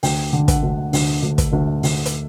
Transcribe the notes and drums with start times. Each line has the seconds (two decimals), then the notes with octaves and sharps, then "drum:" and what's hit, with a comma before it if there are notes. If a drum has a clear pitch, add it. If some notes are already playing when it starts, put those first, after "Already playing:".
0.03 D2 G5, drum: open hi-hat
0.33 D3
0.48 F#5, drum: kick, hi-hat
0.63 D2
0.93 D2, drum: open hi-hat
1.23 D2
1.38 drum: kick, hi-hat
1.53 D2
1.83 D2, drum: open hi-hat
2.06 drum: hi-hat